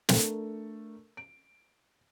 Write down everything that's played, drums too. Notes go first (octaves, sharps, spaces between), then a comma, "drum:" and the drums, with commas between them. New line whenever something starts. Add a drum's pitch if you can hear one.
A3 D4 A4 A#4, drum: snare
D7